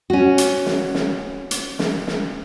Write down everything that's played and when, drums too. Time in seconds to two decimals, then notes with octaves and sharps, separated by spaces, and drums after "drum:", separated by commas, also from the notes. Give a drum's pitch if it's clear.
0.10 C#4 F#4
0.38 drum: hi-hat
0.66 drum: snare
0.94 drum: snare
1.51 drum: hi-hat
1.79 drum: snare
2.07 drum: snare